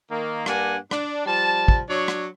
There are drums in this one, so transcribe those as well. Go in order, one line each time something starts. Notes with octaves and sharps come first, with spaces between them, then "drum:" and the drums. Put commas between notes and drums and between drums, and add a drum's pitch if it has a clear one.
D#3 A#3
G2 A#3 D4 F#5 G#5, drum: rim click
D4, drum: rim click
F3 G3 A5
drum: kick
F#3 D4 C#5
drum: rim click